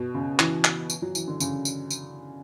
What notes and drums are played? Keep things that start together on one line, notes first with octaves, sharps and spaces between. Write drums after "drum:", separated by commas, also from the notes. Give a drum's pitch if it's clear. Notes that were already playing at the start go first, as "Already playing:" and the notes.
Already playing: B2
C#3
E3, drum: clap
drum: clap
drum: tambourine
F#3
E3, drum: tambourine
D3
C#3, drum: tambourine
drum: tambourine
drum: tambourine